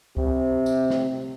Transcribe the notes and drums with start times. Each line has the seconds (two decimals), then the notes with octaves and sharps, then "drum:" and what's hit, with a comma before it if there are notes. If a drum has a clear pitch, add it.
0.17 C3, drum: kick C#2
0.66 drum: tambourine
0.90 drum: snare